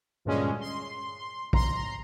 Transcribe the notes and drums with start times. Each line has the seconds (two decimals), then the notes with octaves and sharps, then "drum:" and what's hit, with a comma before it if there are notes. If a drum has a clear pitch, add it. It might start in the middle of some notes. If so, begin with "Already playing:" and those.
0.25 D2 G2 A#2 G#3 C#4
0.60 C6
1.53 A#5 C6, drum: kick A#1